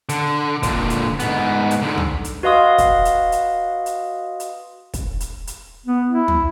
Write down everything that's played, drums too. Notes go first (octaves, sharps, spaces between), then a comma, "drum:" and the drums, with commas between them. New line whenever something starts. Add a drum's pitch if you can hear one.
D3, drum: hi-hat
A#2 D3, drum: kick, hi-hat
drum: hi-hat
G#2 B3, drum: hi-hat
drum: hi-hat
G#2 D3
drum: tom
drum: hi-hat
F#4 B4 D#5 F5 C6 D#6
drum: kick, hi-hat
drum: hi-hat
drum: hi-hat
drum: hi-hat
drum: hi-hat
drum: kick, hi-hat
drum: hi-hat
drum: hi-hat
B3
E4
drum: tom